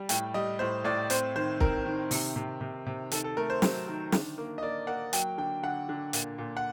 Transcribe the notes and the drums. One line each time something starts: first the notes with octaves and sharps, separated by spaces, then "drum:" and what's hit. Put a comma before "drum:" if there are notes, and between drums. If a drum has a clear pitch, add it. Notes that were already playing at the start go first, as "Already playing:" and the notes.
Already playing: G3
A2 G5, drum: hi-hat
G3 D#5
A2 C5
A2 D5
C4 C5, drum: hi-hat
D#3 C5
C4 A#4, drum: kick
D#3
C3, drum: open hi-hat
C3
C3
C3
D#3 A4, drum: hi-hat
A4
A3 A#4
C5
F#3, drum: snare
D#3
D3, drum: snare
A#3
D#5
A#3 D5
A#3 F#5
F#3 G5, drum: hi-hat
D3 G5
D3 F#5
D3
A#2, drum: hi-hat
A#2
F#5